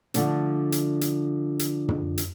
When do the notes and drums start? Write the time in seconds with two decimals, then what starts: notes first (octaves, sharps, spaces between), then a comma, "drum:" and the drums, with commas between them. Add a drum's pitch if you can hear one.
0.14 D3 F3 A3 D4, drum: hi-hat
0.72 drum: hi-hat
1.01 drum: hi-hat
1.59 drum: hi-hat
1.88 drum: tom
2.18 drum: hi-hat